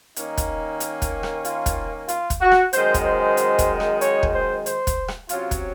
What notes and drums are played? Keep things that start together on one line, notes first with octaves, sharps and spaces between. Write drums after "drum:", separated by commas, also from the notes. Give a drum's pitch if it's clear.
D#3 A#3 C#4 D#4, drum: hi-hat
drum: kick, hi-hat
drum: hi-hat
drum: kick, hi-hat
drum: rim click
F4, drum: hi-hat
drum: kick, hi-hat
F4, drum: hi-hat
drum: kick, hi-hat
F#4
drum: rim click
F#2 D#3 G#3 C5, drum: hi-hat
drum: kick, hi-hat
C5
drum: hi-hat
drum: kick, hi-hat
drum: rim click
C#5, drum: hi-hat
drum: kick
C5
C5, drum: hi-hat
drum: kick, hi-hat
drum: rim click
C3 F#3 C#4 F4, drum: hi-hat
drum: kick, hi-hat